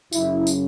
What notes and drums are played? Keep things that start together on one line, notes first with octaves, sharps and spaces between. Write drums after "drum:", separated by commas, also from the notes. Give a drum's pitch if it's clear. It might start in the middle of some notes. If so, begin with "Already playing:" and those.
F#2 C#3 F#3 E4, drum: tambourine
drum: tambourine